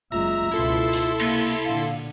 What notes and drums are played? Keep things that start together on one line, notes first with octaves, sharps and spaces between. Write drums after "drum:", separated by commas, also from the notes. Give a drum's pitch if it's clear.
F#1 G#3 F4 E5 A#5
C#2 B2 E4 F4 A4 C6
drum: open hi-hat
C3 A#3, drum: cymbal
A#2 D3 F5